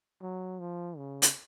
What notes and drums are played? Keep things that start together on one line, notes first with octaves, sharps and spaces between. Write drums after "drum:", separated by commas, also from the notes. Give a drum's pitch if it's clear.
F#3
F3
C#3
drum: hi-hat